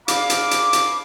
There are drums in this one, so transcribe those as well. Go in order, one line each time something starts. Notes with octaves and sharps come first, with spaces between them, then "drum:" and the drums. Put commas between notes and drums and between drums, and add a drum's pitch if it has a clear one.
D4 G#4 F5 B5 D6, drum: hi-hat
drum: hi-hat
drum: hi-hat
drum: hi-hat